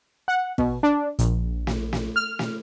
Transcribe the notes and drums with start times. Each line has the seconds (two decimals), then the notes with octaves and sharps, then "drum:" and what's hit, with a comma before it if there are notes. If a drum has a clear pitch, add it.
0.28 F#5
0.58 B2, drum: kick
0.83 D4
1.19 A#1, drum: hi-hat
1.67 drum: snare
1.93 drum: snare
2.16 F6
2.39 drum: snare